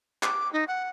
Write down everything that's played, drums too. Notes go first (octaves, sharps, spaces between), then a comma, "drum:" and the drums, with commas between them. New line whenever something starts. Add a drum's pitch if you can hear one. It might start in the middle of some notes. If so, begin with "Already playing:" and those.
D6, drum: clap
D#4
F#5